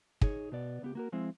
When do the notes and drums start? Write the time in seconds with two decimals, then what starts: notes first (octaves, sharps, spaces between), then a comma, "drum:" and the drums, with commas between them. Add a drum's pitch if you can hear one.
0.21 D#4 G#4 C#5, drum: kick
0.52 B2 B3 D5
0.82 C#2 B3 G4
0.95 A#3 F#4 A#4
1.12 F3 G#3 C4 E4